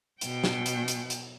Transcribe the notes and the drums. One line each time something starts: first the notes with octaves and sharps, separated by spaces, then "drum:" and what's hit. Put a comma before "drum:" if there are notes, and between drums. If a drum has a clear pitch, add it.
B2 G5, drum: hi-hat
drum: snare
drum: hi-hat
drum: hi-hat
drum: hi-hat